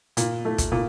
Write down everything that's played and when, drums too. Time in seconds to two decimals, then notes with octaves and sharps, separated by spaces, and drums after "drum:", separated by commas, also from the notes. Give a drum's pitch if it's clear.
0.17 A#2, drum: hi-hat
0.45 A3
0.58 drum: kick, hi-hat
0.72 A#2